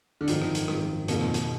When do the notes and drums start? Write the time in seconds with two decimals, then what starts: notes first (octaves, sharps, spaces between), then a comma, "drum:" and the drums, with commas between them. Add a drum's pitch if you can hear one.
0.21 D3
0.28 G#1 F#2 D#3 F3 G#3 D#4, drum: hi-hat
0.42 drum: rim click
0.55 drum: hi-hat
0.68 G#1 F#2 F3 G#3 D#4, drum: rim click
1.08 F2 B2 D#3 A#3 F4 G#4, drum: hi-hat
1.21 G#2, drum: rim click
1.34 B2, drum: hi-hat